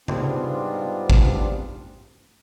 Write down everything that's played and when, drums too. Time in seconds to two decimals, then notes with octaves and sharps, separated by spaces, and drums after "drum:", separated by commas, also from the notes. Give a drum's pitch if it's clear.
0.08 G#2 G3 B3 C4 D4 F4, drum: tom C#3
1.10 drum: kick